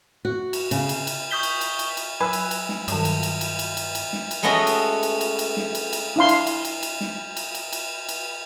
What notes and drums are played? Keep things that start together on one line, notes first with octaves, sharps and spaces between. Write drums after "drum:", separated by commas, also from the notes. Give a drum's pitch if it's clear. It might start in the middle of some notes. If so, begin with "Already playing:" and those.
F#4
drum: cymbal
C#3, drum: cymbal
drum: cymbal
drum: cymbal
C#6 D#6 G6 B6 G7
drum: cymbal
drum: cymbal
drum: cymbal
drum: cymbal
F#3 B4 G#5 E6
drum: cymbal
drum: cymbal
drum: snare
G2 D#3 F#3, drum: cymbal
drum: cymbal
drum: cymbal
drum: cymbal
drum: cymbal
drum: cymbal
drum: cymbal
drum: snare
drum: cymbal
G#3 A3 B3 C#4 F#4 D#5
drum: cymbal
drum: cymbal
drum: cymbal
drum: cymbal
drum: snare
drum: cymbal
drum: cymbal
D4 E4 F5 C6
drum: cymbal
drum: cymbal
drum: cymbal
drum: cymbal
drum: snare
drum: cymbal
drum: cymbal
drum: cymbal
drum: cymbal